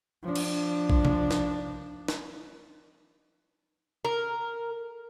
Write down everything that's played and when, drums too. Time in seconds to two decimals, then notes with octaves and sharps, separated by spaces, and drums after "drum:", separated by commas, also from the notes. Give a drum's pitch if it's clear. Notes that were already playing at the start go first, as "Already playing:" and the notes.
0.23 F3 D4
0.35 drum: cymbal
0.90 drum: kick A#1
1.05 drum: tom C3
1.31 drum: snare
2.08 drum: snare
4.05 A#4